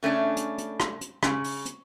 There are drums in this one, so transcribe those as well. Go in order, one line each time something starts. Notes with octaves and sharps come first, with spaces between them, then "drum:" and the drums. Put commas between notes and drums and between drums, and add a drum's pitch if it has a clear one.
C#3 A3 C#4 D4
drum: hi-hat
drum: hi-hat
drum: rim click
drum: hi-hat
C#3, drum: rim click
drum: open hi-hat
drum: hi-hat